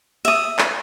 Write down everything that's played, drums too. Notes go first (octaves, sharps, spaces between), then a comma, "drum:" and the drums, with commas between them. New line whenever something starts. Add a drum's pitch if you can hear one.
E5 D#6, drum: cymbal
drum: clap